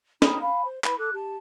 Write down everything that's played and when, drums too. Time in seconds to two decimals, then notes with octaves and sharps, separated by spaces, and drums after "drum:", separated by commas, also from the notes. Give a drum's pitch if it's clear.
0.22 D#4 G5 B5 D#6, drum: snare
0.41 F5 G#5 B5
0.65 C5
0.84 E4 B4 B5, drum: clap
0.98 A4 D6 F#6
1.13 G4 A5